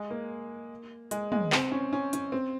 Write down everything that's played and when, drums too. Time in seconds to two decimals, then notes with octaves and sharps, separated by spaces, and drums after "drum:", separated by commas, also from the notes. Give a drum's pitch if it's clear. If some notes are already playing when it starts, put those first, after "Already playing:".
Already playing: G#3
0.10 A#3
1.11 G#3, drum: hi-hat
1.32 G#3, drum: tom
1.52 C4, drum: clap
1.71 C#4
1.93 C#4
2.13 C#4, drum: hi-hat
2.32 C4